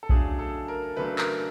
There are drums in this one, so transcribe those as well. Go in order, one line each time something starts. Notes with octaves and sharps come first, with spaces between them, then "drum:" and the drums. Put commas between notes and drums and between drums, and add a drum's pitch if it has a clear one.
A4
C#3 F#3 A3 D4 G#4, drum: kick A#1
A4
A#4
C#3 F#3 A3 D4 B4
A#4, drum: clap